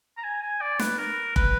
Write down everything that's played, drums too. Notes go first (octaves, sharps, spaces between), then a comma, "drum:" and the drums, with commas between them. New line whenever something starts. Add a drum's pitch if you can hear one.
A#5
G#5
G#5
D5
B4, drum: snare
A#4
B4, drum: kick F1